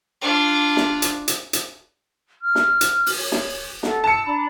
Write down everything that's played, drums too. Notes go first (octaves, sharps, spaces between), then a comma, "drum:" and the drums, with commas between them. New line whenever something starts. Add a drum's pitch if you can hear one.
D4 F4
drum: snare
drum: hi-hat
drum: hi-hat
drum: hi-hat
F6
drum: snare
drum: hi-hat
drum: open hi-hat
C#5
drum: snare
A4 F#5, drum: snare
A5 E6 C#7
D4 A#5 B5